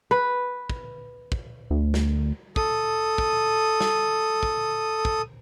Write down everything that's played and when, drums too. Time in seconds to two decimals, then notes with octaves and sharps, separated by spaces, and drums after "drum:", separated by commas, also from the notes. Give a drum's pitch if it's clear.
0.11 B4
0.70 drum: kick
1.32 drum: kick
1.70 D2
1.94 drum: snare
2.56 A4 D#6, drum: kick
3.18 drum: kick
3.80 drum: snare
4.43 drum: kick
5.05 drum: kick